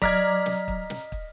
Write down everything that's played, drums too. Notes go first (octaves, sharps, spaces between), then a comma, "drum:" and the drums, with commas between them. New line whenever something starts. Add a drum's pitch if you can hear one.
F#3 D5 D#5 A#5 F6 G#6 B6, drum: kick
drum: snare
drum: kick
drum: snare
drum: kick